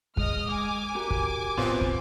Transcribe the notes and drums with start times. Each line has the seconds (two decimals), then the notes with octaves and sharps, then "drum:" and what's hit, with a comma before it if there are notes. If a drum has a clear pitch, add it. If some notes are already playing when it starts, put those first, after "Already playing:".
0.17 G#3 D#5 D#6 F6, drum: kick
0.50 G#5 D6
0.95 F#4 G4 A#4
1.10 drum: kick
1.58 B3 C4 F4, drum: snare
1.81 drum: kick